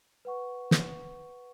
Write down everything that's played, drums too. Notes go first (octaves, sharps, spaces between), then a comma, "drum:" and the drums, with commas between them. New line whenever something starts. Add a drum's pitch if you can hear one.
B4 F#5 C#6
drum: snare